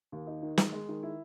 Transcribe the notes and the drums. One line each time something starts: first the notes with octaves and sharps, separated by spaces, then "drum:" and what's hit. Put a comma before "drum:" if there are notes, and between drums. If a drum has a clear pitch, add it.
D#2
D#4
D#3
G#3, drum: snare
G#3
D#3
E4